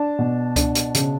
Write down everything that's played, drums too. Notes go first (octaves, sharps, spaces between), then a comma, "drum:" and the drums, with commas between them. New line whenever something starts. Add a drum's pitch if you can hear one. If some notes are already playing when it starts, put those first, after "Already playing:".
Already playing: D4 A5
B2
D4, drum: kick C#2, hi-hat
drum: hi-hat
C#3, drum: hi-hat